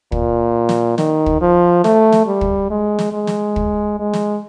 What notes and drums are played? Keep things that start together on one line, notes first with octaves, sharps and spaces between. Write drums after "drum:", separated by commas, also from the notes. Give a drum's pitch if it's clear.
A#2, drum: kick
drum: snare
D#3, drum: snare
drum: kick
F3
A3, drum: snare
drum: snare
G3
drum: kick
G#3
drum: snare
G#3
drum: snare
drum: kick
G#3
drum: snare